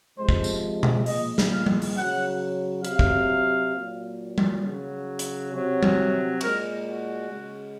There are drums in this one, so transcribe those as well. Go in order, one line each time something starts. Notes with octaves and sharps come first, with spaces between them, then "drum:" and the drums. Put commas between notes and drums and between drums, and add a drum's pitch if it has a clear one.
C3 F3 G#3 C5
drum: kick
drum: tambourine
drum: tom B2
A#2 F3 G#3 D#5, drum: open hi-hat
drum: snare
F5
drum: tom G3
drum: open hi-hat
C#3 F#3 F#5
C3 F#3 F5, drum: hi-hat
drum: kick
A#2 F#3
drum: tom G3
C#3 F#3
drum: hi-hat
C3 F#3
drum: tom G3
A#2 G#3 A#4, drum: cymbal
F#4
C#3 G#3